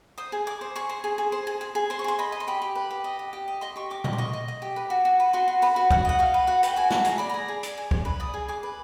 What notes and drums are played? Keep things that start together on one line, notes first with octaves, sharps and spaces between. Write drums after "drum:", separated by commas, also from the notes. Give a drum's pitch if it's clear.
C5 D#6
G#4
G#4 D6
C5
G#4 C#6
C5
G#4
G#4
C5
G#4
G#4
G#4
C5 C6
C#6
G#4 C6
D#5 B5
D#5
C6
G4 B5
G4
B4
G4
D#5
G4
G4
D#5
D#5 C6
G4 C#6
G4 D6
D#5 D6, drum: tom A#2
C6
D#5 C#6
D#5
D#5
G4
B4
F#4
F#4
B4
F#4 C6
F#4
B4 B5
F#4
F#4 F#5, drum: kick
D#5 F#5
F#4 F5
B4
F#4 F#5
B4 G5, drum: hi-hat
F#4 G#5
F#4 A5, drum: snare
G#4 A#5, drum: hi-hat
D5 B5
G#4 A#5
G#4
D5, drum: hi-hat
G#4
G#4, drum: kick
B4
D5 D#6
G#4
G#4 D6
B4